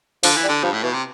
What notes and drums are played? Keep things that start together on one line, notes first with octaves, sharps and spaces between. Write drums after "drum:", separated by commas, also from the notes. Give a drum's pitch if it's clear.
D3 F3, drum: open hi-hat
E3
G3
D3
G2 F3
A2
B2 E3
C3